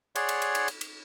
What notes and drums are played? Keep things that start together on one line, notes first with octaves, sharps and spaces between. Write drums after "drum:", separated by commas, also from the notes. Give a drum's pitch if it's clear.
G#4 C#5 D5 F#5 C6, drum: cymbal
drum: cymbal
drum: cymbal
drum: cymbal
drum: cymbal
drum: cymbal